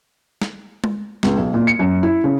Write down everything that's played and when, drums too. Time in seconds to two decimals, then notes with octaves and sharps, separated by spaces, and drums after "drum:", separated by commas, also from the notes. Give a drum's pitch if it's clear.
0.42 drum: snare
0.84 drum: tom G#3
1.23 C#2, drum: snare
1.36 B1
1.54 A#2
1.67 C#7
1.79 F#2
2.03 E4
2.24 C#3